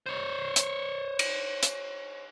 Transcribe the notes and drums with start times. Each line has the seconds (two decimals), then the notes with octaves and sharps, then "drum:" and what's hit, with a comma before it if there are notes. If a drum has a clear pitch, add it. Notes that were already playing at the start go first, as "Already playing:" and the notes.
0.06 C5 C#5
0.56 drum: hi-hat
1.19 drum: cymbal
1.63 drum: hi-hat